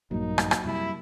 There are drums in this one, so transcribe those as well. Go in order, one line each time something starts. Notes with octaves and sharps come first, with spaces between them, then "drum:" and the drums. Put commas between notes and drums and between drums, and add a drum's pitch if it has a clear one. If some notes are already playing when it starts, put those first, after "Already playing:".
A#1 G2 F#3 A#3 D#4
drum: rim click
drum: rim click
F#2 C3 G3 E4